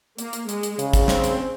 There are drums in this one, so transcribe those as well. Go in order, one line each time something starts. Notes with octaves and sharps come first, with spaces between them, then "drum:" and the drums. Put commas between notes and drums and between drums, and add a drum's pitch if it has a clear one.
A#3, drum: hi-hat
drum: hi-hat
G#3, drum: hi-hat
drum: hi-hat
C#3, drum: hi-hat
drum: kick, hi-hat
C4, drum: snare
drum: hi-hat